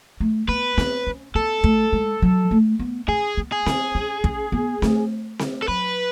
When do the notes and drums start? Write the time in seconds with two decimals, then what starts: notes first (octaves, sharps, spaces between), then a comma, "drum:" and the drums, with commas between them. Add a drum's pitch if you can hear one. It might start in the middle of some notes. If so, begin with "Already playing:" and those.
0.20 A3
0.48 B3 B4
0.78 B3, drum: snare C4
1.07 C#4
1.35 B3 A4
1.64 A3, drum: kick
1.93 G#3
2.22 F#3
2.51 A3
2.79 B3
3.08 C#4 G#4
3.37 B3
3.52 G#4
3.66 B3, drum: snare C4
3.95 C#4
4.24 C#4, drum: kick
4.52 B3
4.82 A3, drum: snare C4
5.39 drum: snare C4
5.62 A4
5.68 F#3 B4